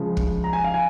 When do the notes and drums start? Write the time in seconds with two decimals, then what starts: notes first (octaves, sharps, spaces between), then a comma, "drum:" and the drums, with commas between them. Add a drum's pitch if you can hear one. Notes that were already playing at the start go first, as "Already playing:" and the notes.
Already playing: C#3 F3 G#3
0.17 drum: kick
0.44 A#5
0.53 G#5
0.64 F5
0.74 G#5